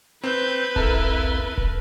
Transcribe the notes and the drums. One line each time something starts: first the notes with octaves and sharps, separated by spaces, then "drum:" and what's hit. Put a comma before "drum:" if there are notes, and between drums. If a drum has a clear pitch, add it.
C4 B4 G6
A#1 D#2 C4 E4 A4 A#4 A5, drum: kick D#1
drum: kick D#1